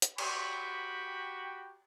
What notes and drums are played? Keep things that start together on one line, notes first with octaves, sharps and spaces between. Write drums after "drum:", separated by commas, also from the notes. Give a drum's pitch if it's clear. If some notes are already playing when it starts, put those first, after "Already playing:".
drum: hi-hat
F#4 G4 G5 B5 C#6, drum: cymbal